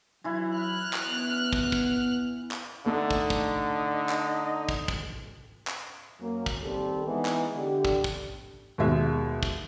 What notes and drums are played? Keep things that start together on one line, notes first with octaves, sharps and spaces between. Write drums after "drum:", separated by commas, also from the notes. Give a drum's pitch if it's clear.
E3 F#3 E4
F6 F#6
drum: clap
B3
drum: kick
drum: kick
drum: clap
D3 A3 D#4
drum: kick
drum: kick
drum: clap
drum: kick
drum: kick
drum: clap
F#2 F#3 A#3
drum: kick
D#3 G3 C4 G4 A4
E3 G#3 B3 D#4 E4
drum: clap
D3 G4
drum: kick
drum: kick
D#2 B2 G#3 E5
drum: kick